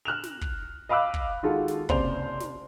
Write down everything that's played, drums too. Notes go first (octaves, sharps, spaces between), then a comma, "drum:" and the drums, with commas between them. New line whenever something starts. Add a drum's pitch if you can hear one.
F6 F#6 E7 F7
drum: snare
drum: kick
D#5 F5 B5 D6 E6 F#6
drum: kick
D#3 G#3 F4 F#4 A4
drum: snare
F#1 C3 C5 D5 F7, drum: kick
drum: snare